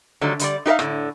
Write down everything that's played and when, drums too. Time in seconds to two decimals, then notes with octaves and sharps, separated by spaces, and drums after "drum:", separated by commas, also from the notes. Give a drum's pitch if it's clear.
0.21 D3 D#3 F#3 G3 A3
0.39 D3 G3 D5, drum: hi-hat
0.66 D#4 G4 A#4 E5 F5
0.79 A2 D3, drum: rim click